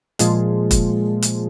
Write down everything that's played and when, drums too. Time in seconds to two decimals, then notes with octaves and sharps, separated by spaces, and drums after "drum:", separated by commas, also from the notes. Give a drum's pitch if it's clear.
0.19 A#2 F3 G#3, drum: hi-hat
0.71 drum: kick E1, hi-hat
1.22 drum: hi-hat